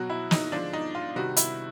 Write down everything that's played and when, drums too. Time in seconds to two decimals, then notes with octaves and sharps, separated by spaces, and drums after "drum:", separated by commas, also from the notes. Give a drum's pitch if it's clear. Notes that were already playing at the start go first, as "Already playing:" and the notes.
Already playing: B2 F#3 F#4
0.10 E4
0.31 D#4, drum: snare
0.52 D3 F3 G#3 D4
0.73 D#4
0.95 F4
1.16 C3 D#3 G3 F#4
1.37 E4, drum: hi-hat